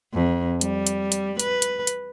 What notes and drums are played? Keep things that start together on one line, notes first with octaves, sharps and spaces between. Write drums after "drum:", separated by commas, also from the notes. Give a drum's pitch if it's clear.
F2
G3, drum: hi-hat
drum: hi-hat
drum: hi-hat
B4, drum: hi-hat
drum: hi-hat
drum: hi-hat